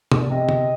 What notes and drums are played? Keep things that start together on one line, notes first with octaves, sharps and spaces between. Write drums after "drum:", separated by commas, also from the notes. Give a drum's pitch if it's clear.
drum: tom
D5
C3 D#5
drum: tom